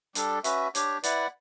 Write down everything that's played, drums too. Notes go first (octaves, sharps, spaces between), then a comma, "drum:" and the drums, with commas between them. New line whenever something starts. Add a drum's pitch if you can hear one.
G3 D4 A4, drum: hi-hat
C#4 F#4 B4 E5, drum: hi-hat
D4 G4 C#5, drum: hi-hat
E4 B4 D5 F#5, drum: hi-hat